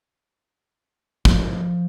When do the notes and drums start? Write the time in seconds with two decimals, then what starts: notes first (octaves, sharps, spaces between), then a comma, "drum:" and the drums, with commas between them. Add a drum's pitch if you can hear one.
1.25 F3, drum: kick